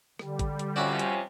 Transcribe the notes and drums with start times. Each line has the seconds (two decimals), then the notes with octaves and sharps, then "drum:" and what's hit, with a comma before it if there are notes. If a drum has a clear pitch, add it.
0.19 D3 G3, drum: rim click
0.39 drum: kick, hi-hat
0.59 drum: hi-hat
0.76 C3 F3 C#4 E4 F#4 D5
0.99 drum: hi-hat